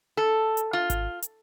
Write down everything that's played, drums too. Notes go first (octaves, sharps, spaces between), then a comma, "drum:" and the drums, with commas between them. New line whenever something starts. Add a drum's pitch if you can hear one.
A4
drum: hi-hat
F4
drum: kick G#1, hi-hat
drum: hi-hat